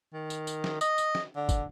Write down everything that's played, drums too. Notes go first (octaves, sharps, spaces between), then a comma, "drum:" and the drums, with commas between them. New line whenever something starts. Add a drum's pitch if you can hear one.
D#3
drum: tambourine
drum: tambourine
drum: snare
D#5, drum: tambourine
drum: tambourine
drum: snare
D3
drum: kick, tambourine